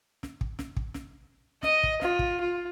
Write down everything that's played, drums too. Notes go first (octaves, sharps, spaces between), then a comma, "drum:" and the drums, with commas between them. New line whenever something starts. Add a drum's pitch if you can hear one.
drum: snare
drum: kick
drum: snare
drum: kick
drum: snare
D#5, drum: snare
drum: kick
F4, drum: snare
drum: kick
F4